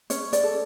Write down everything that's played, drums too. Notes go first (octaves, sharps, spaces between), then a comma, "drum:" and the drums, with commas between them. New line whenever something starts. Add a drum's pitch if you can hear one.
C#4 C#5, drum: hi-hat
D5, drum: hi-hat
A4